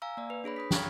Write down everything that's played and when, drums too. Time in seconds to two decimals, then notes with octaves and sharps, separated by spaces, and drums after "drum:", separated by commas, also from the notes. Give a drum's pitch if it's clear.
0.02 F5 G#5 A#5 E6
0.17 A#3 D5
0.30 B4
0.44 D4 G#4 C#5 B5
0.56 B5 D#6 B6
0.71 F5 G5 A#5 C#6 F6 G#6, drum: snare